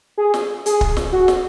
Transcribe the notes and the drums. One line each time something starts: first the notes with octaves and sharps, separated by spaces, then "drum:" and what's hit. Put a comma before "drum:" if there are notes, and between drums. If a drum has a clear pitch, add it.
G#4
drum: snare
G#4, drum: hi-hat
drum: kick
drum: snare
F#4
drum: snare